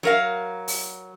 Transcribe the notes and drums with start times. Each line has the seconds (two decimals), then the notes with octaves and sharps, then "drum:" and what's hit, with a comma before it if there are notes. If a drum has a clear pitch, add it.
0.03 F#3 A#4 F5
0.68 drum: open hi-hat